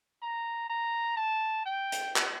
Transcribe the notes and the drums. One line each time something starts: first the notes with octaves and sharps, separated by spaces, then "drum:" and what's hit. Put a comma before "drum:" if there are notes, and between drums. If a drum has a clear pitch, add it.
A#5
A#5
A5
G5
drum: hi-hat
drum: clap